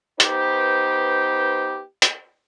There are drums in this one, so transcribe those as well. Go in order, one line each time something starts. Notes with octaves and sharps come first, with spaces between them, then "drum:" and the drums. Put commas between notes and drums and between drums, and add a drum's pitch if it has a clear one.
B3 D#4 G4 B4 C5, drum: hi-hat
drum: hi-hat